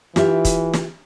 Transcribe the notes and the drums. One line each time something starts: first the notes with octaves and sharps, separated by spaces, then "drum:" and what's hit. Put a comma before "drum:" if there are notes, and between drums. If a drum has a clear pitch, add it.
E3 F4 G4 E5, drum: snare
drum: kick, hi-hat
drum: snare